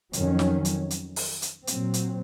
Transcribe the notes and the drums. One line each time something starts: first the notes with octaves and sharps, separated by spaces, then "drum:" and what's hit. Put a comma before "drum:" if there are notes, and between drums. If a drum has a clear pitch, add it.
F2 D#3 F#3 C#4, drum: hi-hat
drum: snare
drum: hi-hat
drum: hi-hat
drum: open hi-hat
drum: hi-hat
A#2 F#3 C4, drum: hi-hat
drum: hi-hat